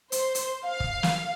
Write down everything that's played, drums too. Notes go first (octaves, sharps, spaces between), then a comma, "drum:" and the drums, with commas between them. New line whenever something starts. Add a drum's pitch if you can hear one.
C5, drum: hi-hat
drum: hi-hat
F5
drum: kick
drum: snare